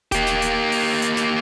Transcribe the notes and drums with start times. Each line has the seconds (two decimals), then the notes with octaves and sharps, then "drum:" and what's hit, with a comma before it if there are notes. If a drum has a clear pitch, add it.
0.12 A#3 G4, drum: kick D#1, hi-hat
0.27 drum: snare
0.42 drum: hi-hat
0.72 drum: open hi-hat
1.02 drum: hi-hat
1.17 drum: snare